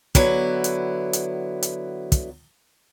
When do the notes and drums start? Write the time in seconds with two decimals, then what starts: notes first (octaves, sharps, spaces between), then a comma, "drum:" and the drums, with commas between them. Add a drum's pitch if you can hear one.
0.15 D3 F#3 B3 E4, drum: kick, hi-hat
0.64 drum: hi-hat
1.13 drum: hi-hat
1.63 drum: hi-hat
2.12 drum: kick, hi-hat